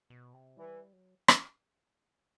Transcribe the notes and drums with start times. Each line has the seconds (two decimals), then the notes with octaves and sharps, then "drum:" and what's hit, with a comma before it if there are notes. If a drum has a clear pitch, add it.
0.10 B2
0.34 C3
0.57 E3 G3
0.93 F#3
1.28 drum: rim click